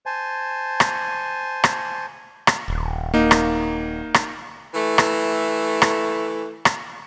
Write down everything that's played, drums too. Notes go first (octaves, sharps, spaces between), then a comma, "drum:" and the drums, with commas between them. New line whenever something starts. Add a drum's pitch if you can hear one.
C5 G#5 A5
drum: rim click
drum: rim click
drum: rim click
D#1
A#3 D#4
drum: rim click
drum: rim click
E3 A3
drum: rim click
drum: rim click
drum: rim click